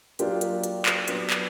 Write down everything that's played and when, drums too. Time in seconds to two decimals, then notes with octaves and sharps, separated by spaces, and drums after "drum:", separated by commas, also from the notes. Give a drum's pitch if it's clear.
0.19 F#3 A#3 D4 F4 G4, drum: hi-hat
0.41 drum: hi-hat
0.64 drum: hi-hat
0.86 drum: clap
1.08 F#3 B3 D4, drum: hi-hat
1.30 drum: clap